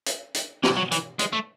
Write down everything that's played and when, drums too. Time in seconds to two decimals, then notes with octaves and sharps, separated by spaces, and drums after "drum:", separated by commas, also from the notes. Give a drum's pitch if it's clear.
0.06 drum: hi-hat
0.34 drum: hi-hat
0.63 E3, drum: snare
0.77 F#3
0.92 E3, drum: hi-hat
1.19 G#3, drum: hi-hat
1.33 A3